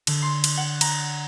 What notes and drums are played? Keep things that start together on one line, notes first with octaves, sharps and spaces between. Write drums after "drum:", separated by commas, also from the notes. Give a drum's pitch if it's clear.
D3, drum: cymbal
C6
drum: cymbal
F#5
A#5, drum: cymbal